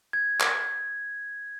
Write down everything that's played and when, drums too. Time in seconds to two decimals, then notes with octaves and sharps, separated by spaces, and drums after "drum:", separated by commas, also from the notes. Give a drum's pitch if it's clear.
0.13 G#6
0.40 drum: clap